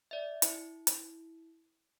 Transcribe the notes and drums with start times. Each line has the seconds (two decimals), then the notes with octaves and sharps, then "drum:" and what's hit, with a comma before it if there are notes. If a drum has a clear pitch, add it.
0.11 D5 E5
0.42 E4, drum: hi-hat
0.87 drum: hi-hat